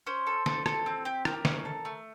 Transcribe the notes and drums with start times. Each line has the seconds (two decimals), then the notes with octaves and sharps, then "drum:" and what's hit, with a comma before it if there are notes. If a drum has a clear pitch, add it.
0.07 C#4 C5
0.27 A4
0.46 A4, drum: snare
0.66 A4, drum: rim click
0.86 C4
1.05 G4
1.25 G4 A#4, drum: rim click
1.45 C#4, drum: snare
1.65 A4
1.85 A3